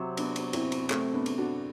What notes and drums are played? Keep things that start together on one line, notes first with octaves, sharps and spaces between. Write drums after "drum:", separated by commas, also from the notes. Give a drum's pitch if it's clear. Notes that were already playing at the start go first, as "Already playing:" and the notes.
Already playing: C3 F#3 C4
B3 D4, drum: cymbal
drum: cymbal
C4 E4, drum: cymbal
drum: cymbal
A3 C4, drum: clap
B3 D4
drum: cymbal
D4 F#4